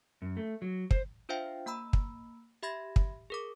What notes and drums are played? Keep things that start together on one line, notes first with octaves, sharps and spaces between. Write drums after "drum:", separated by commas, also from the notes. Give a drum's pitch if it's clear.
F#2
A3
F#3
C5, drum: kick
D4 F4 C5 E5 F5 G5
A#3 A#5 B5 E6
drum: kick
G4 E5 B5 G#6 A#6
drum: kick
G#4 A#4 D6